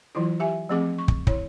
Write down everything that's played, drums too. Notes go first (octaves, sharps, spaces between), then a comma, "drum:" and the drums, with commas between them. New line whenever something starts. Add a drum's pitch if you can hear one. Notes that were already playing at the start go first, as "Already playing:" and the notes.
E3 F#3 E4 F4
G4 E5 G#5
F3 A3 C4 G#4 D6
C#6
drum: kick
E4 C#5, drum: kick